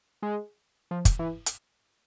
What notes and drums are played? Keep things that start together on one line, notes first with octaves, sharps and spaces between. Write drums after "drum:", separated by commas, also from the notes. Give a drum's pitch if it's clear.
G#3
F3
drum: kick, hi-hat
E3
drum: hi-hat